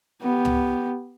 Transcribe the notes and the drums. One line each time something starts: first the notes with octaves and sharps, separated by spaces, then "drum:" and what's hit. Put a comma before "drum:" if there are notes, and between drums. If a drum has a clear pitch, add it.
B3 G4
drum: tom